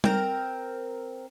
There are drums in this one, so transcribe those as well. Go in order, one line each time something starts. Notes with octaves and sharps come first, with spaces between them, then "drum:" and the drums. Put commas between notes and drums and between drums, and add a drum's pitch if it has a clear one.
C4 A#4, drum: tom G3